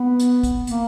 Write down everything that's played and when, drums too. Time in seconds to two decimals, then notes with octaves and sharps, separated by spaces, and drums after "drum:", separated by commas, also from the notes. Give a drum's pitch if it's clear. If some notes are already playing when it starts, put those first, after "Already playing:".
Already playing: B3
0.20 drum: hi-hat
0.43 drum: kick, hi-hat
0.67 A#3, drum: hi-hat